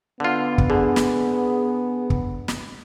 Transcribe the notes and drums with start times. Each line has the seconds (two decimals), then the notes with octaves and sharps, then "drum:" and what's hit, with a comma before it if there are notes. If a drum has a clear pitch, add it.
0.20 D3 B3 F4
0.58 drum: kick
0.70 D3 G#4
0.96 drum: snare
2.10 drum: kick
2.48 drum: snare